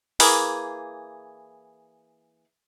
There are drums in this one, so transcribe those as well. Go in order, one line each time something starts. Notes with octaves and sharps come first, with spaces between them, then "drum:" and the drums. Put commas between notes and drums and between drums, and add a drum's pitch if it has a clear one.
E3 A#3 G#4, drum: open hi-hat